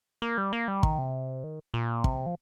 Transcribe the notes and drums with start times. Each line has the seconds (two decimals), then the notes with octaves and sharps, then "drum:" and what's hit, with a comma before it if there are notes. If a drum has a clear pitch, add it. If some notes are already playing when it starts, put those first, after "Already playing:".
0.22 A#3
0.38 G3
0.53 A#3
0.68 G3
0.83 D#3, drum: kick
0.99 C3
1.44 D#3
1.74 A#2
2.04 C3, drum: kick
2.26 F3